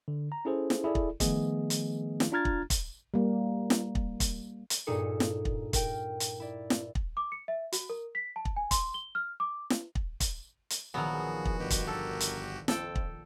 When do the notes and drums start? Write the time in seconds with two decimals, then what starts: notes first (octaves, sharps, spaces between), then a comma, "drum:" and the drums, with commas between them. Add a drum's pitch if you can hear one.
0.08 D3
0.32 A#5
0.45 C#4 E4 G#4 A4 C5
0.70 drum: snare
0.84 E4 G#4 A4 D5
0.95 drum: kick
1.20 D#3 F3 A3 B3 G#4 D#5, drum: kick, hi-hat
1.70 drum: hi-hat
2.20 drum: snare
2.32 D4 F4 A#5 F6 G#6 A6
2.45 drum: kick
2.70 drum: kick, hi-hat
3.14 G3 A#3
3.70 drum: snare
3.95 drum: kick
4.20 drum: kick, hi-hat
4.70 drum: hi-hat
4.87 G2 A#2 D#4 G#4 A4 C#7
5.20 drum: snare
5.45 drum: kick
5.73 A#4 G5, drum: kick, hi-hat
6.20 drum: hi-hat
6.40 E4 D5
6.70 drum: snare
6.95 drum: kick
7.17 D6
7.32 C#7
7.48 E5
7.72 F#4, drum: hi-hat
7.90 A#4
8.15 B6
8.36 A5
8.45 drum: kick
8.56 G#5
8.71 C6, drum: kick, hi-hat
8.94 G7
9.15 F6
9.40 D6
9.70 drum: snare
9.95 drum: kick
10.20 drum: kick, hi-hat
10.70 drum: hi-hat
10.94 A#1 D#3 F3 F#3 B3 F#4 G#4
11.13 G#4
11.45 drum: kick
11.59 G1 B2 F#4 G4
11.70 drum: kick, hi-hat
11.87 A4 A#4
12.20 drum: hi-hat
12.68 F2 A4 G5, drum: snare
12.95 drum: kick